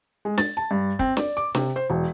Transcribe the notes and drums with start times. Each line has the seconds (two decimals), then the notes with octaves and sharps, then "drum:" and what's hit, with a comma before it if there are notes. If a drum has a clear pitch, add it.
0.25 G#3
0.38 A6, drum: snare
0.57 A5
0.71 G2
0.99 C4, drum: kick
1.17 D5, drum: snare
1.37 D6
1.55 C3, drum: snare
1.76 C5
1.90 E1